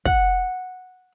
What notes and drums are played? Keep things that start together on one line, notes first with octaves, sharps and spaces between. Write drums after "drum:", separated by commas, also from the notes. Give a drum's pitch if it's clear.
F#5, drum: kick